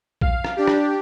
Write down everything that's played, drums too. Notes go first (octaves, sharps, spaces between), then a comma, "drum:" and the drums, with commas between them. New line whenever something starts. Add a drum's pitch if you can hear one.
F5, drum: kick A#1
drum: rim click
D4 G4
drum: rim click